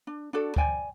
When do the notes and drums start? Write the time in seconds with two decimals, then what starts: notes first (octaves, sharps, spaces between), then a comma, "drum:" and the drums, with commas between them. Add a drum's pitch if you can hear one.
0.07 D4
0.33 D4 F#4 A4 D5
0.56 C5 D5 G5 G#5, drum: kick D2